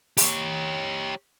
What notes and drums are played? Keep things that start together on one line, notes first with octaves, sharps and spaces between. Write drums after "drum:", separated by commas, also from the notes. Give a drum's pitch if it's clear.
G4 C#5, drum: open hi-hat